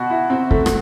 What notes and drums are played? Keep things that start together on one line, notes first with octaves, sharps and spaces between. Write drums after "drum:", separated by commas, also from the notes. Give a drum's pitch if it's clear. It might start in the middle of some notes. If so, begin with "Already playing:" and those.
Already playing: B2 F#4
E4
C4
A3, drum: kick
drum: rim click